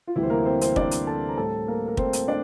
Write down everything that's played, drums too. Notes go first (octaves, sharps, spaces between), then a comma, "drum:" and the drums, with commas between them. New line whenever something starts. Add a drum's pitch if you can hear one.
F4
D2 C3 E3 G3 E4
C5
A#3 A#4
C4 C5
C4 C5, drum: hi-hat
D4 D5, drum: kick
drum: hi-hat
A4 A5
A#5
A2 G3 A4 A5
A#3 A#4
A#4
C4 C5, drum: kick
drum: hi-hat
D4 D5